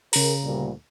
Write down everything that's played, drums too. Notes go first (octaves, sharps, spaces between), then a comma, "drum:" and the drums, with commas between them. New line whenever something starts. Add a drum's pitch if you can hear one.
C#3 G#4 A#4 A#5, drum: open hi-hat
D2 A#2 G3